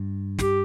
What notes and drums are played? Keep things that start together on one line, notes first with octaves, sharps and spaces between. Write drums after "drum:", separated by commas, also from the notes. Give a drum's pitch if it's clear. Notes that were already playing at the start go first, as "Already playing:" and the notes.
Already playing: G2
G4, drum: snare